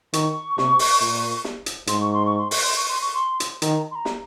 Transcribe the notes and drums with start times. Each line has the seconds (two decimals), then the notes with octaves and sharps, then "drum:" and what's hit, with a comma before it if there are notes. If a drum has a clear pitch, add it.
0.13 D#3 C#6, drum: hi-hat
0.58 C3, drum: snare
0.79 drum: open hi-hat
1.01 A#2
1.44 drum: snare
1.66 drum: hi-hat
1.87 G#2 C6, drum: hi-hat
2.01 C#6
2.14 C6
2.26 C#6
2.38 C6
2.51 C#6, drum: open hi-hat
2.63 C6
2.76 C#6
2.89 C6
3.01 C#6
3.14 C6
3.40 drum: hi-hat
3.62 D#3 A#5, drum: hi-hat
3.91 C6
3.95 A#5
4.05 drum: snare